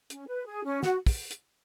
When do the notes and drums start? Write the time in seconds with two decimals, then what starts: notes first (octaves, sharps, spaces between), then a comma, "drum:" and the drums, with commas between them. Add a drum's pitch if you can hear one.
0.10 C#4, drum: hi-hat
0.28 B4
0.46 G#4
0.64 C#4
0.83 F#4 F#5, drum: snare
1.06 drum: kick, open hi-hat
1.31 drum: hi-hat